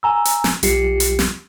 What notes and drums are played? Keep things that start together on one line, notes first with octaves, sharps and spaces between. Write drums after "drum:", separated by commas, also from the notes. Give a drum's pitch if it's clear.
G#5 A#5 E6
drum: hi-hat
drum: snare
B1 G3 F4 G4 C7 C#7, drum: hi-hat
drum: hi-hat
drum: snare